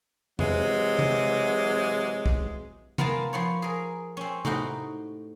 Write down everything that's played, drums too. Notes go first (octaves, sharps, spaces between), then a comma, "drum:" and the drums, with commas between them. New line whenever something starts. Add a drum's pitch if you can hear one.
C3 E3 F#3 G#3, drum: tom E2
drum: tom C3
drum: kick
B3 F4 A#4 F5 G#5 A5, drum: tom C3
F3 B3 C#5
G#4 A#4
C4 C#4
A2 D#4 F#4 G4, drum: tom C3